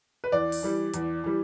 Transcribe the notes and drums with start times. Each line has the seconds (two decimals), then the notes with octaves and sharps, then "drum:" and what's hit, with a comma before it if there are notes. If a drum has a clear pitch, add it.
0.24 B4
0.32 E2 D5
0.52 drum: open hi-hat
0.63 E3 G3
0.94 E2, drum: hi-hat
1.24 E3 G3